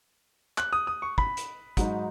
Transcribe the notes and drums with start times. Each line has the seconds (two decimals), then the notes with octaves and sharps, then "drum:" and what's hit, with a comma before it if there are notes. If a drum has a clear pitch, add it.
0.58 F#6, drum: clap
0.73 D#6
0.87 D#6
1.02 C#6
1.18 B5, drum: kick
1.37 drum: hi-hat
1.77 G#2 F#3 D#4, drum: kick, hi-hat